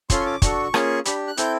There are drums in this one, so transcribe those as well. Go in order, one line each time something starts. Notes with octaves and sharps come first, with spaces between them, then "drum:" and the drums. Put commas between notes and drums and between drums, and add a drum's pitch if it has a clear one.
C#4 F4 A4 C6, drum: kick, hi-hat
C#6
D6
D4 F#4 A4 C#6, drum: kick, hi-hat
A#3 C#4 F4 G#4, drum: rim click
D4 G4 B5, drum: hi-hat
F#6
C4 E4 A4 G6, drum: hi-hat